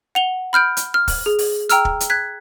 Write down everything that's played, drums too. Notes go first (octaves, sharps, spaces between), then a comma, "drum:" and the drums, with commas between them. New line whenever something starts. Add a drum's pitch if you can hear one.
F#5 F7 G7
B5 F6 G6 D7
drum: hi-hat
F6
drum: kick, open hi-hat
G#4
drum: open hi-hat
G5 A#5 E6 F6, drum: hi-hat
drum: kick
drum: hi-hat
F#6 G#6 B6